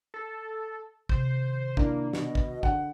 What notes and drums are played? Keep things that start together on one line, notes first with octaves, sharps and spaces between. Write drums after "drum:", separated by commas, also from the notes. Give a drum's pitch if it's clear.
A4
C3 D#3 C5, drum: kick
A#3 D4 E4, drum: kick
B2 D#5, drum: snare
drum: kick
D3 F#5, drum: kick